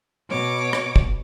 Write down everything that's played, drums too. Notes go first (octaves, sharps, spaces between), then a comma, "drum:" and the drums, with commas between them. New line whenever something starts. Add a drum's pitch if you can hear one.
B2 C#5 D6
drum: rim click
drum: kick